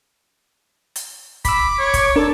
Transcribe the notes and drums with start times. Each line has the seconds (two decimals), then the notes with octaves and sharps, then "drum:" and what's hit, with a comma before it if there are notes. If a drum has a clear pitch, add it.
0.96 drum: hi-hat
1.45 B5 D6 E6 B6, drum: kick, hi-hat
1.79 C#5
1.94 drum: kick, hi-hat
2.16 D4 A4 A#4